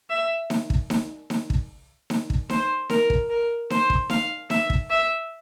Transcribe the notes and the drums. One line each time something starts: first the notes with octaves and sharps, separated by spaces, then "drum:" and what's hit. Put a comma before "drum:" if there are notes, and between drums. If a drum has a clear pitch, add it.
E5
drum: snare D#4
drum: kick
drum: snare D#4
drum: snare D#4
drum: kick
drum: snare D#4
drum: kick
C5, drum: snare D#4
A#4, drum: snare D#4
drum: kick
A#4
C5, drum: snare D#4
drum: kick
F5, drum: snare D#4
E5, drum: snare D#4
drum: kick
E5